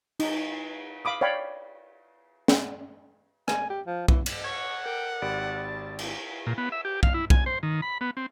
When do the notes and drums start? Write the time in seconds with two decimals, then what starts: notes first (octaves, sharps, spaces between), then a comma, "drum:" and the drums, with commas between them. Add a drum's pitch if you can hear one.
0.20 D#4, drum: cymbal
1.05 F5 B5 D6 D#6
1.21 C#5 D5 F5 G5 B5
2.48 drum: snare
3.48 G#5, drum: rim click
3.70 G4
3.87 F3
4.08 E3, drum: kick B1
4.26 drum: cymbal
4.44 C#5 F#5 G#6
4.86 A#4 G5
5.22 G#1 G4 D5 A5 B5 D7
5.99 drum: cymbal
6.46 A#2
6.58 B3
6.72 E5
6.85 G4
7.03 F5, drum: kick B1
7.14 E4
7.30 G#5, drum: kick B1
7.46 C5
7.63 D#3
7.82 B5
8.01 B3
8.17 C4